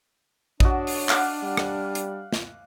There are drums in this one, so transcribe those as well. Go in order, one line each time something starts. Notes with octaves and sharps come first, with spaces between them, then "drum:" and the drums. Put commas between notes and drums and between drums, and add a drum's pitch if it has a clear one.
D4 F#4 C#5 D#5, drum: kick A1
drum: open hi-hat
F5 F#5 D6, drum: clap
G3
drum: rim click
drum: hi-hat
drum: snare